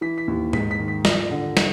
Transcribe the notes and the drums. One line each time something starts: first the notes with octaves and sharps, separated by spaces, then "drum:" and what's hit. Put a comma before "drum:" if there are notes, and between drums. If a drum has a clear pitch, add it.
E3 B6
B6
D#2
G#2 B6, drum: tom
B6
D#3
B6
F3 A#6, drum: snare
D3
drum: snare